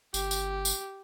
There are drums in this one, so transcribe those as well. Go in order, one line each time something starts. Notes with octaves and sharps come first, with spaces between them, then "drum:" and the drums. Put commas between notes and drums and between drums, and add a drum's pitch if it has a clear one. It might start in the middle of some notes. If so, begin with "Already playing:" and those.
G1 G4, drum: tambourine
drum: tambourine
drum: tambourine